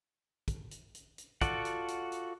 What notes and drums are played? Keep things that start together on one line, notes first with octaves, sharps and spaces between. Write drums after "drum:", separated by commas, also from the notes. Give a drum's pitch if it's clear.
drum: kick, hi-hat
drum: hi-hat
drum: hi-hat
drum: hi-hat
F4 F#4 A4 D5 F#5, drum: kick, hi-hat
drum: hi-hat
drum: hi-hat
drum: hi-hat